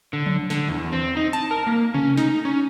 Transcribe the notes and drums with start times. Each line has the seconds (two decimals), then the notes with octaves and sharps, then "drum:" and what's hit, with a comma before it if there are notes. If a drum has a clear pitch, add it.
0.13 D3
0.26 drum: tom F3
0.50 D3, drum: snare
0.69 E2
0.92 C4
1.17 D#4
1.33 A5, drum: hi-hat
1.51 A#4
1.67 A#3
1.94 C#4, drum: tom C3
2.17 D#4, drum: snare
2.45 C#4